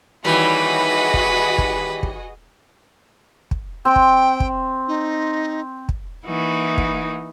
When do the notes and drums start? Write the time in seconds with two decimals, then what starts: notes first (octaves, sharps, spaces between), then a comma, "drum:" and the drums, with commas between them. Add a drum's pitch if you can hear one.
0.25 D#2 E3 G3 F#4 G#4 B4 D#5
1.14 drum: kick
1.58 drum: kick
2.03 drum: kick
3.51 drum: kick
3.85 C4 G5
3.96 drum: kick
4.40 drum: kick
4.88 D#4
5.89 drum: kick
6.26 E3 A#3 D#4 E4 F#4
6.78 drum: kick